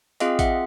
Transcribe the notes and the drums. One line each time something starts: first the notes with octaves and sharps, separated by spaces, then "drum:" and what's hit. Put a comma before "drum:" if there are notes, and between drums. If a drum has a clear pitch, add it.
C4 F4 G#4 D#5 F5, drum: hi-hat
E5 F#5, drum: kick A1, hi-hat